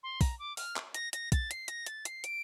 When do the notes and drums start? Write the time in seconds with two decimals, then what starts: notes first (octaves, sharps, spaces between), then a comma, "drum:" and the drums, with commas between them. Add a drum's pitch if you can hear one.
0.03 C6
0.21 A#5, drum: kick, open hi-hat
0.39 D6
0.57 F6, drum: open hi-hat
0.76 drum: clap
0.94 A#6, drum: hi-hat
1.13 A#6, drum: hi-hat
1.32 A6, drum: kick, hi-hat
1.51 C7, drum: hi-hat
1.68 A#6, drum: hi-hat
1.86 A6, drum: hi-hat
2.05 C7, drum: hi-hat
2.24 D7, drum: hi-hat